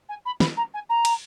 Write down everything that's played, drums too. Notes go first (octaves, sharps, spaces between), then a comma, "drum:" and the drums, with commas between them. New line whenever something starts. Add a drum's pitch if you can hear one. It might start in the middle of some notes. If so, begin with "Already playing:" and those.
G#5
B5
B5, drum: snare
A#5
G#5
A#5
drum: cymbal